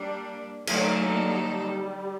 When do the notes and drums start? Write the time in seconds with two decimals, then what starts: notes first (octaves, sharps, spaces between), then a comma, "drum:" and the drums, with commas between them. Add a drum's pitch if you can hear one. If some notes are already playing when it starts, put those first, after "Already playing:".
Already playing: G3 A#3 D4
0.67 D3 F#3 A3 A#3 D#4 A4, drum: cymbal
1.29 G3